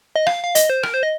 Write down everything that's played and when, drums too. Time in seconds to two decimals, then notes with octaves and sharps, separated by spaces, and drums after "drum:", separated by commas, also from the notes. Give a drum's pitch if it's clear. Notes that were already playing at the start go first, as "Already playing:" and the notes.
0.16 D#5
0.27 F5, drum: rim click
0.44 F5
0.55 D#5, drum: hi-hat
0.70 C5
0.83 A#4, drum: rim click
0.94 C5
1.03 D#5